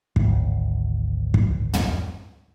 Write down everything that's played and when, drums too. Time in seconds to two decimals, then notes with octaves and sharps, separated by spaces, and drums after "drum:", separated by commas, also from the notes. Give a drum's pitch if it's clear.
0.16 G#1 D2, drum: kick
1.34 drum: kick
1.73 drum: tom